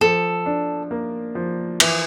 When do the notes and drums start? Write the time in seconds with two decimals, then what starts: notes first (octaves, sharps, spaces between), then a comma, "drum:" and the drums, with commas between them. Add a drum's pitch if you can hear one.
0.01 F3 A4
0.46 D4
0.91 A#3
1.35 F3
1.80 E3, drum: cymbal